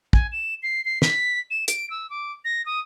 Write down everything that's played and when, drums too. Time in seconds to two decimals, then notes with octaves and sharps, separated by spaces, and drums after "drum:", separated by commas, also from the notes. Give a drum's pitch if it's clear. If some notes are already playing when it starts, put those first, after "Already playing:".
0.13 G#5, drum: kick
0.32 E7
0.63 C7
0.85 C7
1.02 B6, drum: snare
1.51 E7
1.68 D7, drum: hi-hat
1.90 E6
2.10 D6
2.45 A#6
2.66 D#6